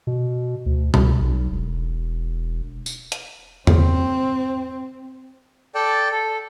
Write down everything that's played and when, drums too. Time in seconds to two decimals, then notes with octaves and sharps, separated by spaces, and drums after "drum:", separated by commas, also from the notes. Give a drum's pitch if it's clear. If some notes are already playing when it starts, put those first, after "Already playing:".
0.07 B2
0.66 D2
0.94 C#2, drum: tom B2
1.20 B1
1.52 E1
2.86 drum: tambourine
3.12 drum: hi-hat
3.67 C4, drum: tom E2
5.75 A4 D5 G5 A5
6.12 A4